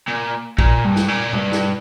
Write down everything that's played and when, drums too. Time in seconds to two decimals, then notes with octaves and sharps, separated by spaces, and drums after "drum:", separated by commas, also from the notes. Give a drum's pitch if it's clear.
0.08 A#2
0.59 A#2, drum: kick A#1
0.84 G2
0.96 drum: snare
1.08 A#2
1.33 G2, drum: tom B2
1.52 drum: snare